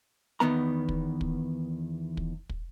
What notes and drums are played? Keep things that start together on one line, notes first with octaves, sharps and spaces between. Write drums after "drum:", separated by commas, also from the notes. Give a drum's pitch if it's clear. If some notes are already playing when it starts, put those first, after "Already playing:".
E2 D#3 B3 A#5
drum: kick
drum: kick
drum: kick
drum: kick